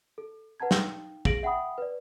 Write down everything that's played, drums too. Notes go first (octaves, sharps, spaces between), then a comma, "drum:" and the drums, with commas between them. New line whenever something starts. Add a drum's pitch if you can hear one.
A4
B4 F#5 A5 A#5 G#6
D#4 F5 G5, drum: snare
G#4 F5 A#6 D7 F#7, drum: kick
E5 F#5 G5 B5 D#6
B4 D5